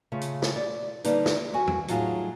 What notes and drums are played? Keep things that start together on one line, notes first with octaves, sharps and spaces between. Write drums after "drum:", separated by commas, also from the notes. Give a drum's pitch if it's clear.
C#3 A3 F4
drum: hi-hat
drum: snare
D5
D3 G3 A#3 D#4 B4, drum: hi-hat
drum: snare
D#2 F#4 G#5
drum: tom E2
A2 F#3 D#4 F4 F#4 G#4, drum: hi-hat